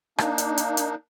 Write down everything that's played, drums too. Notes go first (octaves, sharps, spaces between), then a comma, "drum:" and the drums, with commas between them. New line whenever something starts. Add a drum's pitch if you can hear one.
A#3 D4 D#4, drum: rim click
drum: hi-hat
drum: hi-hat
drum: hi-hat